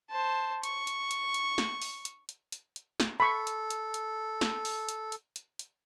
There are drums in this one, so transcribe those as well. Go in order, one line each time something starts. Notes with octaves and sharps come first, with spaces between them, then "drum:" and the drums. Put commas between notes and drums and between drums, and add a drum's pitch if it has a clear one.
C5 A5
C#6, drum: hi-hat
drum: hi-hat
drum: hi-hat
drum: hi-hat
drum: snare
drum: open hi-hat
drum: hi-hat
drum: hi-hat
drum: hi-hat
drum: hi-hat
drum: snare
A4 B5 C#6
drum: hi-hat
drum: hi-hat
drum: hi-hat
drum: snare
drum: open hi-hat
drum: hi-hat
drum: hi-hat
drum: hi-hat
drum: hi-hat